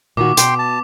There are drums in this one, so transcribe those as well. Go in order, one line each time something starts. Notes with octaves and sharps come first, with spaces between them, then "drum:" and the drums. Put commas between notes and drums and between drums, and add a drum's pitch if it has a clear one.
A#2 D#3 F#4 D6
B2 G5 C6, drum: hi-hat
A5